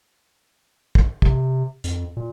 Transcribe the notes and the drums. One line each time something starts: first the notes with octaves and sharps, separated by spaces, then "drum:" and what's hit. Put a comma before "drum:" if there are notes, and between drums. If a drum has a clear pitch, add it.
drum: kick
C3, drum: kick
F2, drum: hi-hat
A#2